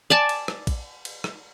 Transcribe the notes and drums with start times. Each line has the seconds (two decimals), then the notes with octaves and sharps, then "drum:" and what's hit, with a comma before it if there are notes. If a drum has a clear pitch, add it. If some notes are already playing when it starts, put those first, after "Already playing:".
0.10 D5 G#5 A5
0.29 drum: cymbal
0.48 drum: rim click
0.67 drum: kick, cymbal
1.05 drum: cymbal
1.24 drum: rim click